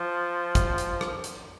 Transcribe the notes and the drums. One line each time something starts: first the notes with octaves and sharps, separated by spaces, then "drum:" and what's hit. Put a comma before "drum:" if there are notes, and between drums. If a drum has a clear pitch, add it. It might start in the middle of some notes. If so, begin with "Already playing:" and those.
Already playing: F3
drum: kick, hi-hat
drum: hi-hat
drum: rim click
drum: hi-hat